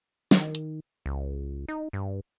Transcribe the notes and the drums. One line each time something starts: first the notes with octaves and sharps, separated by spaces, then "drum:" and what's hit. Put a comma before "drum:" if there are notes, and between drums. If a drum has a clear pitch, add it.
D#3, drum: snare
drum: hi-hat
C#2
D#4
G2